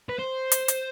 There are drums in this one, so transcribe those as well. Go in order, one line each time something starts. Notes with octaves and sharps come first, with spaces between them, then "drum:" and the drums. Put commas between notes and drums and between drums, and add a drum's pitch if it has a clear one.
B4
C5
drum: hi-hat
drum: hi-hat